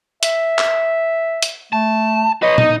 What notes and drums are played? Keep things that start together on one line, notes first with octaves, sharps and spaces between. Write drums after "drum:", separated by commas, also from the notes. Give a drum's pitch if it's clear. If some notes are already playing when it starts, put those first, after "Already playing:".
E5, drum: hi-hat
drum: clap
drum: hi-hat
A3 A5
B4 C#5 D#5
D#4, drum: tom